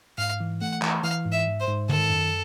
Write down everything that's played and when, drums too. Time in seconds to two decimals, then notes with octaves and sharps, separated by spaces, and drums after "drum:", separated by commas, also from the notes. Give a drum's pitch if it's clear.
0.18 G#2 F5
0.40 E3
0.62 A3 F#5
0.82 E3, drum: clap
1.03 E3 F5
1.26 G#2
1.32 E5
1.47 G#2
1.60 C5
1.68 G#2
1.89 D#3 A4, drum: tom
2.10 F#2